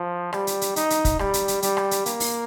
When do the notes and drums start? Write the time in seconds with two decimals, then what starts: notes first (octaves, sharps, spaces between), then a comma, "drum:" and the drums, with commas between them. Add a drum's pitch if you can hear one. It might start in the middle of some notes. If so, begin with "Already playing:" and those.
Already playing: F3
0.33 G3, drum: rim click
0.47 drum: hi-hat
0.61 drum: hi-hat
0.76 D#4, drum: hi-hat
0.90 drum: hi-hat
1.05 drum: kick, hi-hat
1.19 G3, drum: rim click
1.34 drum: hi-hat
1.48 drum: hi-hat
1.62 G3, drum: hi-hat
1.77 drum: rim click
1.91 drum: hi-hat
2.06 A#3, drum: hi-hat
2.20 drum: open hi-hat